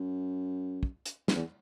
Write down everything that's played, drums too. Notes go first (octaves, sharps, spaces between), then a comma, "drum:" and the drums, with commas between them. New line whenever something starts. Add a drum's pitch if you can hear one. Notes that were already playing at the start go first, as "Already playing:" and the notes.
Already playing: F#2
drum: kick
drum: hi-hat
F2, drum: snare
E2